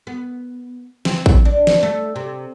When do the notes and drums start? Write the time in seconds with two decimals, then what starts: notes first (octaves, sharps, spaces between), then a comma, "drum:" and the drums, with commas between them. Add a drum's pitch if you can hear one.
0.07 B3
1.05 C4, drum: snare
1.26 drum: kick
1.45 D4
1.67 drum: snare
1.83 A3
2.16 C3